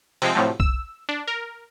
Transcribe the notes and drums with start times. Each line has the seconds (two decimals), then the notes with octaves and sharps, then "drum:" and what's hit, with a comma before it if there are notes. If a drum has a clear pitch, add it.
0.22 C3 F3 G#3 C4, drum: open hi-hat
0.35 A2 C3 F3 F#3 A3
0.60 E6, drum: kick B1
1.09 D4
1.27 A#4